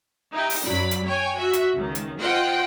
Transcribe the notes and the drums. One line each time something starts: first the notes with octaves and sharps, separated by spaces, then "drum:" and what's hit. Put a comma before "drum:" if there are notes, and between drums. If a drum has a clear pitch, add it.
D#4 E4 G4
drum: open hi-hat
F#2 F#3 D5 B5
drum: hi-hat
C#5 G5 G#5
F#4 E5
drum: hi-hat
C#2 D#3
drum: hi-hat
F4 C5 D#5 F#5 G5